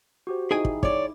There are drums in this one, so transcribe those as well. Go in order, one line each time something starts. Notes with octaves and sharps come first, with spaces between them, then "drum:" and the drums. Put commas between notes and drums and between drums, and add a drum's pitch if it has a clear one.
F#4 G4 C5
D#4 E4 G#4 G5 G#5
drum: kick
C#5 D5 D6, drum: kick